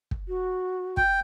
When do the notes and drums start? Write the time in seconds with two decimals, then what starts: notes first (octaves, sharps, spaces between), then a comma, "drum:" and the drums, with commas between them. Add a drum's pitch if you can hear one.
0.11 drum: kick
0.28 F#4
0.97 G5, drum: kick